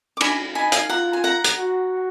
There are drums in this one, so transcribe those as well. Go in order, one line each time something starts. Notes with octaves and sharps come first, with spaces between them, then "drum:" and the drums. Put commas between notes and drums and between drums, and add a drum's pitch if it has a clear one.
D6
D4 G#5 B5, drum: cymbal
D#4 G#5 B5
F5 G#5, drum: hi-hat
F4 F#5 A#5
G#5
F#5 A#5
drum: hi-hat
F#4